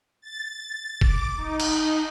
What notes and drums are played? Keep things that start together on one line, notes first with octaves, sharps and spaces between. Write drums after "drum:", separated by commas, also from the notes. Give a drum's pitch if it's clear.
A6
D6, drum: kick
D#4
drum: cymbal